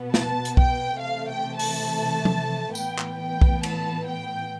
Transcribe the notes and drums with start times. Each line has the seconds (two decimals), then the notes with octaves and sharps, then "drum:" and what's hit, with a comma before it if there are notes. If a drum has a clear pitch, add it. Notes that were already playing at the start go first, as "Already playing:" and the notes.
Already playing: B2 B3
0.14 A5, drum: snare
0.45 drum: hi-hat
0.57 G5, drum: kick B1
1.01 C3 E3 A3 F5
1.30 G5
1.59 A5, drum: open hi-hat
2.25 drum: tom F3
2.75 A2 E3 B3 G5, drum: tambourine
2.98 drum: clap
3.19 G5
3.41 drum: kick B1
3.63 A5, drum: cymbal
4.07 G5